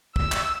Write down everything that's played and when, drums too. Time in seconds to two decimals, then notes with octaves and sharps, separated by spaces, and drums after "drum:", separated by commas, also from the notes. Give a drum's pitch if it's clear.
0.16 E6, drum: kick
0.32 drum: clap